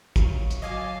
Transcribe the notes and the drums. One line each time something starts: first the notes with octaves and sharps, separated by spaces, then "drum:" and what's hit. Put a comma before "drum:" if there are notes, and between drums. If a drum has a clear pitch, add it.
F#2 F5 C#6, drum: kick, hi-hat
drum: hi-hat
F#3 F#4 D#5 F5 G#5 A5 D6